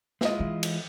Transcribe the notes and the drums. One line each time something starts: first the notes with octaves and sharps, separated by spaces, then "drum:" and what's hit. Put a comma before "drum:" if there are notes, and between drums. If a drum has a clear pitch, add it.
G#3 E4 F4 D#5 E5, drum: snare
E3
drum: cymbal